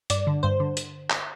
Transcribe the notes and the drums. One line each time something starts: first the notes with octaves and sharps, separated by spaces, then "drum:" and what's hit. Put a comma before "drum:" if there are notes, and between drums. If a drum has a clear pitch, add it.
G2 D5, drum: hi-hat
D3
G2 C5
D3
drum: hi-hat
drum: clap